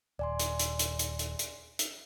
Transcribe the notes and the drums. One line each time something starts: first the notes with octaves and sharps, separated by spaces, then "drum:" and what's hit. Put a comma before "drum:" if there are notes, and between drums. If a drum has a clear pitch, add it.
D#1 D5 G#5 C6
drum: hi-hat
drum: hi-hat
drum: hi-hat
drum: hi-hat
drum: hi-hat
drum: hi-hat
drum: hi-hat